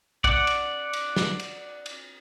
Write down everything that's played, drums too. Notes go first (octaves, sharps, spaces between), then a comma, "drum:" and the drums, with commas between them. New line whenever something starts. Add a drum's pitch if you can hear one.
D5 F#5, drum: kick
drum: cymbal
drum: cymbal
drum: snare
drum: cymbal
drum: cymbal